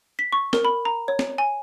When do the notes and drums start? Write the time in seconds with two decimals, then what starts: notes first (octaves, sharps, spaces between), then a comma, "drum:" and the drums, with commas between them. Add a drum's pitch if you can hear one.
0.19 B6
0.32 C#6
0.53 A#4, drum: snare
0.65 B5
0.85 A#5
1.08 C#5
1.19 drum: snare
1.38 G#5